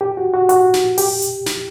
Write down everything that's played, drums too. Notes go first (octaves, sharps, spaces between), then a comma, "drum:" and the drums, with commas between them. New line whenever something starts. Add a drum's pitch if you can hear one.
G4
F#4
F#4
F#4, drum: hi-hat
drum: snare
G4, drum: open hi-hat
drum: hi-hat
drum: snare